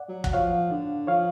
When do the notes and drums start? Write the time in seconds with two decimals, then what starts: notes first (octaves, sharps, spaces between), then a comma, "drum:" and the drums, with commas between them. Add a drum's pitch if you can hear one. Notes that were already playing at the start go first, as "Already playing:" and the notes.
Already playing: D5 F#5
0.09 F#3
0.24 F#5, drum: kick
0.33 F3 C#5 F5
0.71 D3
1.07 F3 C#5 F5